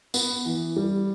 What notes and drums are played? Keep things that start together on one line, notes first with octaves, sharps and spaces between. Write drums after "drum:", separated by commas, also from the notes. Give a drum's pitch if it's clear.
B3, drum: tambourine
E3
G3